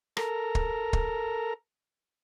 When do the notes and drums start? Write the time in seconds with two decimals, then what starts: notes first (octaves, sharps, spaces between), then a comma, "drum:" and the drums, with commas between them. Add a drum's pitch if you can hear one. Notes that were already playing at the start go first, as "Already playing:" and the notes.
0.17 A4 A#4 A#5, drum: rim click
0.55 drum: kick
0.93 drum: kick